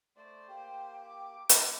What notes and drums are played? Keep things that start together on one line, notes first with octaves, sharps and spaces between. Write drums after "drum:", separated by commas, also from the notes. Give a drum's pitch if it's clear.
A3 C5 D5
A#3 G4 G5
D6
drum: hi-hat